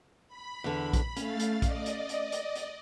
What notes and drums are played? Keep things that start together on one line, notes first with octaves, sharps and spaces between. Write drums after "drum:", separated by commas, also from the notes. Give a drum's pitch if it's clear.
B5
E2 D3
drum: kick A#1, hi-hat
A3 C#4 F5 A6, drum: hi-hat
drum: hi-hat
D5 D#5, drum: kick A#1, hi-hat
drum: hi-hat
drum: hi-hat
drum: hi-hat
drum: hi-hat